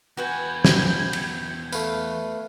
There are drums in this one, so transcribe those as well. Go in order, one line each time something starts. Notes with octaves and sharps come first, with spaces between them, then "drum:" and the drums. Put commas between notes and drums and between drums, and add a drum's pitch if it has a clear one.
E2 F#4 B4 G5 G#5 G6 G#6
drum: snare
drum: cymbal
A3 B4 F5, drum: tambourine